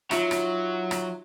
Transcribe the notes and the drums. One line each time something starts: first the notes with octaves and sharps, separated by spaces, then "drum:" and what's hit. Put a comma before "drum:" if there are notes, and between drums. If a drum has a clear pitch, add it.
F#3 D#4 F4 E5, drum: rim click
drum: rim click
drum: rim click